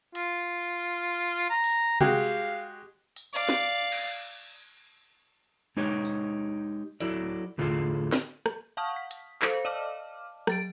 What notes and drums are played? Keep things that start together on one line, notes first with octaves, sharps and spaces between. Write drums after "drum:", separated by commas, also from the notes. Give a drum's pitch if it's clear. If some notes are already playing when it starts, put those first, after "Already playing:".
F4, drum: hi-hat
A#5
drum: open hi-hat
G#3 F#4 G4 F5, drum: tom C3
drum: open hi-hat
D5 F5, drum: tambourine
drum: snare
drum: cymbal
G#3 D#4 G4 C#5
drum: tambourine
F#3 E4 A4 D5, drum: hi-hat
A2 D3 F4 G#4 A4
drum: snare
drum: rim click
F5 F#5 A5 C#6 D#6 F6
B6
drum: hi-hat
A4 C5 F5, drum: clap
D5 D#5 F5 A5 D6 F6
F#3 A6 D7, drum: rim click